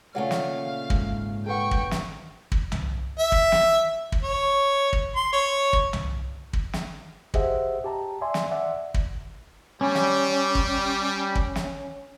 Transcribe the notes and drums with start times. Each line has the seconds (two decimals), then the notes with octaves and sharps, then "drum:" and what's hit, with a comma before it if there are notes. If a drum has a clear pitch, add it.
0.15 A#2 C#3 A3 D5 F5 F#5 G#5
0.31 drum: snare
0.90 G#2, drum: kick
1.46 A4 B4 F#5 G5 C#6
1.71 drum: kick
1.91 drum: snare
2.52 drum: kick
2.72 drum: tom C2
3.18 E5
3.32 drum: kick
3.52 drum: snare
4.12 drum: kick
4.22 C#5
4.93 drum: kick
5.16 C6
5.32 C#5
5.73 drum: kick
5.93 drum: tom C2
6.53 drum: kick
6.73 drum: snare
7.34 G4 G#4 C5 D#5 E5 F#5, drum: kick
7.84 G4 A5 A#5
8.21 D5 E5 G#5 C6
8.34 drum: snare
8.51 D5 E5 F#5
8.94 drum: kick
9.81 G3 C#4
9.95 drum: snare
10.55 drum: kick
11.35 drum: kick
11.56 drum: snare